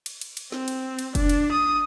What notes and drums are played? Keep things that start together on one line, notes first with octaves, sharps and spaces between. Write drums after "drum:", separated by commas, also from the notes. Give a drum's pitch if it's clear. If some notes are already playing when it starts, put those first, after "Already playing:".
drum: cymbal
drum: cymbal
drum: cymbal
C4, drum: snare
drum: cymbal
drum: cymbal
D4, drum: kick, cymbal
drum: cymbal
D#6